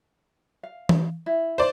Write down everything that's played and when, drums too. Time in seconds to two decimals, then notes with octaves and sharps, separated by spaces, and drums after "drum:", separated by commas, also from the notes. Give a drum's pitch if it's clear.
0.63 F5
0.89 drum: tom E3
1.26 E4
1.58 C5 D5